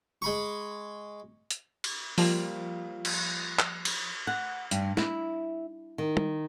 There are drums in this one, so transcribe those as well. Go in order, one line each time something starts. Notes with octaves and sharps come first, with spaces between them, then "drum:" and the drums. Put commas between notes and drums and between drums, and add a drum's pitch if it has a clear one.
G#3 B5 C#6
drum: hi-hat
drum: cymbal
F3 G3 A#3 F4, drum: open hi-hat
drum: cymbal
drum: clap
drum: cymbal
F#5
G2, drum: hi-hat
E4, drum: snare
D#3
drum: tom